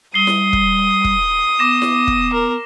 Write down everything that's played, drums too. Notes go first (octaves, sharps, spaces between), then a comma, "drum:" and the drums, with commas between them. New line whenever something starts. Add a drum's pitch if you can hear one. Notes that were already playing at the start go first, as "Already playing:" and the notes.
G3 D#6 C7 G7
drum: snare E4
drum: kick
drum: kick
B3 D6 A#6 E7
drum: snare E4
drum: kick
A#4